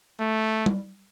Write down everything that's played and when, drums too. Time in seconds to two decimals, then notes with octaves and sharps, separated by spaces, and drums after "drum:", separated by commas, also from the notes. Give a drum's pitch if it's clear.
0.20 A3
0.66 drum: tom G3